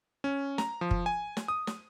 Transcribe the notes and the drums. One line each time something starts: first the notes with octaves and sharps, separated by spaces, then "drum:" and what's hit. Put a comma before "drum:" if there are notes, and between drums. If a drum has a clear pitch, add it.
C#4
A#5, drum: snare
F3
drum: kick
G#5
drum: snare
D#6
drum: snare